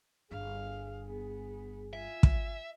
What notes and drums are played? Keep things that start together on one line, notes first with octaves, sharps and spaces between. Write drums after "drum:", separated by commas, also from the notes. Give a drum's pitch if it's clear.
G1 G2 G#4 F5
B3
F4 E5 G#5
drum: kick